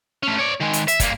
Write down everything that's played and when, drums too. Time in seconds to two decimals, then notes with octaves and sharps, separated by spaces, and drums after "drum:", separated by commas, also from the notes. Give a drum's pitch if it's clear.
0.23 A3 C#4
0.38 C#5 D5
0.60 D#3 G#3
0.73 drum: hi-hat
0.88 E5, drum: hi-hat
1.00 G2 A#3, drum: kick, hi-hat